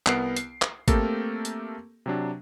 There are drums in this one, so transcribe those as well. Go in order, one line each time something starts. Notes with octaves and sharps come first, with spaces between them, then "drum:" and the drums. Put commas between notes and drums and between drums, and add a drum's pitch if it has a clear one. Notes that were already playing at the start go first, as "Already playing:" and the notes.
C2 B3 A#4 F#5 C7 D7, drum: clap
C7, drum: hi-hat
drum: clap
A3 A#3 C4 G4 A4 A#4, drum: kick G#1, hi-hat
drum: hi-hat
C3 F#3 D4